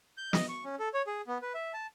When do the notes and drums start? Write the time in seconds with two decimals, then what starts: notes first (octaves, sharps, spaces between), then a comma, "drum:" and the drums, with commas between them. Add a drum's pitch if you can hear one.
0.17 G6
0.33 D#5, drum: snare
0.49 C#6
0.65 C#4
0.79 A4
0.94 C#5
1.07 G#4
1.27 B3
1.42 B4
1.54 E5
1.74 A5